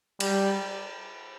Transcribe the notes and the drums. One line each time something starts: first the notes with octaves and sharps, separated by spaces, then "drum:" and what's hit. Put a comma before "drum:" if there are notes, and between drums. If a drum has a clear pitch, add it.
G3, drum: cymbal